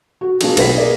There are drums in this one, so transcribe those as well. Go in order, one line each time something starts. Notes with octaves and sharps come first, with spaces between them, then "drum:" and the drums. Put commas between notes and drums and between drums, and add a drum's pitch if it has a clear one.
F#4
A#3 C4 D4 F4 F#4 G#4, drum: cymbal
B1 A#3 B4 B6, drum: cymbal
G#4 A#4 D5